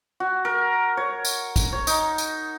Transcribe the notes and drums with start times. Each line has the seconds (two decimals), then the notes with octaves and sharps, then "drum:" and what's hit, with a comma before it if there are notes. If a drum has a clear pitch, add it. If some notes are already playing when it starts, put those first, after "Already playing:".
0.20 F#4
0.45 A#4
0.97 C#5
1.25 drum: tambourine
1.56 drum: kick, tambourine
1.73 C#5
1.87 D#4, drum: tambourine
2.18 drum: tambourine